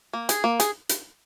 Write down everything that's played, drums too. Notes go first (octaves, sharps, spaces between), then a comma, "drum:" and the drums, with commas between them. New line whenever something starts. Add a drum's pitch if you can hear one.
A#3
G#4, drum: hi-hat
A#3
G#4, drum: hi-hat
drum: hi-hat